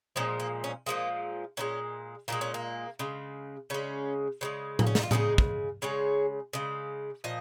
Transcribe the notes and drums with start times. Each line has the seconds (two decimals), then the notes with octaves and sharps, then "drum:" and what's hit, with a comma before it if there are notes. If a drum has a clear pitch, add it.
0.16 A#2 F3 G#3 C#4
0.40 A#3
0.64 C#4
0.86 A#2 F3 G#3 A#3
1.57 A#2 F3 G#3 C#4
2.28 A#2 F3 G#3 A#3
2.41 C#4
2.54 A#3
2.99 C#3 G#3
3.70 C#3 G#3 C#4
4.41 C#3 F3 G#3
4.79 A#3, drum: tom A2
4.87 C#4
4.95 D#4, drum: snare
5.03 F4
5.11 C#3 F3 G#3 D#4 G#4, drum: tom A2
5.38 drum: kick
5.82 C#3 G#3 G#4 C#5
6.53 C#3 G#3
7.24 A#2 F3 D#5